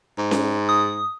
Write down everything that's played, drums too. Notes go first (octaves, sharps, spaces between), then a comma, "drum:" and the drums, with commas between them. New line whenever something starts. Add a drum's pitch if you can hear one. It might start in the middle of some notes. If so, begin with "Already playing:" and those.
G#2
drum: snare C#4
D#6